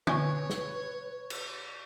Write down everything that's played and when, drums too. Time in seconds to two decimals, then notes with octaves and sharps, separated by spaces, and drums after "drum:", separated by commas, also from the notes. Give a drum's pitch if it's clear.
0.07 B2 B4 C#5 G#5 C#6, drum: tom D3
0.50 drum: snare
1.30 drum: cymbal